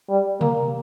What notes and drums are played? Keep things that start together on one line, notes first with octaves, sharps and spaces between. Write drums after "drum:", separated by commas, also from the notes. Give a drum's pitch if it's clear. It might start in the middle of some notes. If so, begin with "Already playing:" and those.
G3
A#3, drum: tom C3